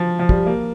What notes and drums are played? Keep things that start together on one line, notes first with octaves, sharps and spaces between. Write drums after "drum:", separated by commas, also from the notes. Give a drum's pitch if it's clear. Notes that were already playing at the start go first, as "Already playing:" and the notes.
Already playing: F3
F3
G3, drum: kick
A#3